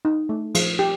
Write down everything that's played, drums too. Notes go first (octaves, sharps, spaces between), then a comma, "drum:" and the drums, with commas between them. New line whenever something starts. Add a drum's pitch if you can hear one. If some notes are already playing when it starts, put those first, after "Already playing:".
D#4
A3
F3, drum: cymbal
G4